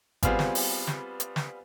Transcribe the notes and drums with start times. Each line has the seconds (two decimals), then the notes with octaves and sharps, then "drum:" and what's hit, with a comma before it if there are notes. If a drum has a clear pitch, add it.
0.23 G3 B3 C4 F4 G#4, drum: kick G#1, hi-hat
0.39 drum: snare
0.55 drum: open hi-hat
0.87 drum: snare
1.20 drum: hi-hat
1.36 drum: snare